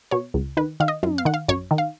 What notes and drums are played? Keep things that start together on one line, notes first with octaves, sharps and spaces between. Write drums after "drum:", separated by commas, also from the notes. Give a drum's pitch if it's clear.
B2 C#5
C#2
D#3 B4
D#3 F5
D#5
F#2, drum: tom
F5
D#3 F#5
F5
F#2 C#5, drum: kick
D#3
F5